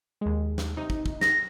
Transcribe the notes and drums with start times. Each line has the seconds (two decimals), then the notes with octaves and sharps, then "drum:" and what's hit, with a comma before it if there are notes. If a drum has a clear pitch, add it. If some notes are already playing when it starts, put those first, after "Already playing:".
0.21 D#2 G#3
0.58 drum: snare
0.77 C3 D#4
0.90 drum: kick
1.06 drum: kick
1.21 A#6, drum: snare